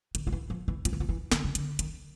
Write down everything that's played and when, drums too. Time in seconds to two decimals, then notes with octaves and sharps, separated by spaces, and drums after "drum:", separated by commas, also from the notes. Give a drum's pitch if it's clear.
0.15 D#3, drum: hi-hat
0.27 F3
0.32 E3
0.50 F3
0.68 E3
0.85 F3, drum: hi-hat
0.93 E3
1.00 F3
1.09 E3
1.31 D#3, drum: snare
1.44 C#3
1.55 D3, drum: hi-hat
1.79 D#3, drum: hi-hat